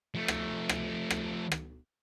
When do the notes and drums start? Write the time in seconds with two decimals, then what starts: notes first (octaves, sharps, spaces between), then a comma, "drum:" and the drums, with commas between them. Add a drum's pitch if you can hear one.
0.15 F3 A3
0.28 drum: rim click
0.69 drum: rim click
1.10 drum: rim click
1.52 drum: rim click